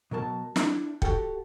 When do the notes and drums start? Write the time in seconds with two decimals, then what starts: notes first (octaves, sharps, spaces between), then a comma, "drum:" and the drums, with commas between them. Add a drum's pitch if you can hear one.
0.11 B2 F#3 A#4 A5
0.56 D4 E4, drum: snare
1.02 F#4 G4 A4 F#5 G5, drum: kick